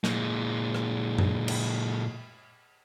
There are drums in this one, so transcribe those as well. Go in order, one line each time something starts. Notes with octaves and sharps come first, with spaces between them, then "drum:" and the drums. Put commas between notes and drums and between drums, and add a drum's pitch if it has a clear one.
A#2 G#3, drum: snare
drum: rim click
drum: tom F#2
drum: cymbal